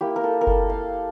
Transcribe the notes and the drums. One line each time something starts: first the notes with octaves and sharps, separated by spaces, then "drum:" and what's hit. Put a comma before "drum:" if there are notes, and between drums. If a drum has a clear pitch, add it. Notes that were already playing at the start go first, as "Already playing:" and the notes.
A#3 E4 G4
A#4
A4
A#4
A4, drum: kick F#1
F5